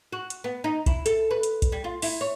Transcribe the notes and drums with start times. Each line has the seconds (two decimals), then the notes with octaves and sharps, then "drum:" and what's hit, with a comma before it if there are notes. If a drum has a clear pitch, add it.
0.12 F#4
0.30 drum: hi-hat
0.44 B3
0.64 D#4
0.86 E4, drum: kick B1, hi-hat
1.06 A4, drum: hi-hat
1.31 B4
1.43 drum: hi-hat
1.62 drum: kick B1, hi-hat
1.72 G3
1.84 F4
2.02 E4, drum: open hi-hat
2.21 C#5